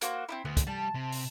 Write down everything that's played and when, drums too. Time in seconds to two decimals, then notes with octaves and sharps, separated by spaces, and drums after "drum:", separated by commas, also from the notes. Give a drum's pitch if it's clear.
0.01 A#3 F#4 C5, drum: hi-hat
0.29 C4 D#4 E4
0.45 D2 B3
0.57 drum: kick, hi-hat
0.67 G3 A5
0.95 C3
1.12 drum: open hi-hat